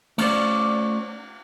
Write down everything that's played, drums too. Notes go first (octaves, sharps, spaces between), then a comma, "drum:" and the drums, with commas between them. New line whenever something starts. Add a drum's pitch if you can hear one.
A3 C#4 F4 C5 D5, drum: cymbal